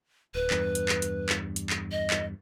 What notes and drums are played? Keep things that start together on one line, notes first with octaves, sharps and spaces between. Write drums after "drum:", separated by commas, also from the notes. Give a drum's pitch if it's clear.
D1 B4
E2 G2, drum: clap
drum: hi-hat
drum: clap
drum: hi-hat
drum: clap
drum: hi-hat
drum: clap
D#5
drum: clap